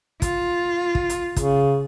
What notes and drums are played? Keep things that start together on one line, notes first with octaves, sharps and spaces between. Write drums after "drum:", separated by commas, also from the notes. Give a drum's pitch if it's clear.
F4, drum: kick, hi-hat
drum: kick
drum: hi-hat
C#3, drum: kick, hi-hat